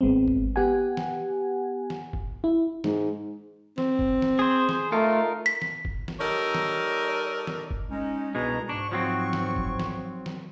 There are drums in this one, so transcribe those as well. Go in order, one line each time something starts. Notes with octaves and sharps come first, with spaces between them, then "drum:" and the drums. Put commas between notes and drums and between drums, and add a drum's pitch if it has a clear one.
G#1 G#3 B3 C4
drum: kick
B3 G4 F#5 G#5
drum: snare E3
drum: snare E3
drum: kick
E4
G#2, drum: snare E3
C4, drum: snare E3
drum: kick
drum: snare E3
G#4 C5
drum: snare E3
A3 D#4 F4 A#4
B6
drum: snare E3
drum: kick
drum: snare E3
G3 D#4 A4 A#4 C#5 D5
drum: snare E3
drum: snare E3
drum: kick
G#3 C#4 D#4
C2 B2 G#3 D4 A#5
G#2 D4 C#6
F3 F#3 C4
drum: snare E3
drum: kick
drum: snare E3
drum: snare E3